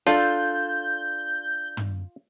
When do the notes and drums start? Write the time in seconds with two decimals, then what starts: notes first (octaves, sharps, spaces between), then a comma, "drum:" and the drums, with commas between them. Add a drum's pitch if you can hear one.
0.07 D4 F4 A4 G6, drum: snare
1.77 drum: tom